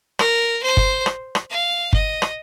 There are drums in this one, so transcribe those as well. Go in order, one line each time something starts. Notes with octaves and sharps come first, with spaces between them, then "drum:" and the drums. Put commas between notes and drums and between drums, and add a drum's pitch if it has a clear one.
A#4, drum: rim click
C5
drum: kick
drum: rim click
drum: rim click
F5
D#5, drum: kick
drum: rim click